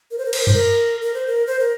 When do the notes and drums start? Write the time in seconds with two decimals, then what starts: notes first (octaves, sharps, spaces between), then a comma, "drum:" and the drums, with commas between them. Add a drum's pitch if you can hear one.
0.11 A#4
0.18 C5
0.25 A#4
0.33 C5, drum: cymbal
0.40 A#4
0.47 C5, drum: tom F#2
0.54 A#4
1.02 A#4
1.14 C5
1.27 A#4
1.47 C5
1.59 A#4